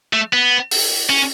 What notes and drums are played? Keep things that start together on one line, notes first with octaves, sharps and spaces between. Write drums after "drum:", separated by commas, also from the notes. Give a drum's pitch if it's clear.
A3
B3
drum: open hi-hat
C#4